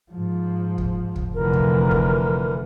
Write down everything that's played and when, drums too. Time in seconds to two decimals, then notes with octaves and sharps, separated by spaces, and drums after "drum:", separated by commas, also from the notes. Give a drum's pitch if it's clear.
0.12 G#2 F3
0.78 drum: kick
1.16 drum: kick
1.34 F1 D3 E3 F3 A#4
1.53 drum: kick
1.91 drum: kick